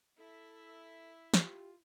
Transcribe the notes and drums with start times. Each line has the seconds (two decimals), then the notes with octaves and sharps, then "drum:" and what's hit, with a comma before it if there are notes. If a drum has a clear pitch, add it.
0.18 E4 A4 E5
1.34 F4 G4, drum: snare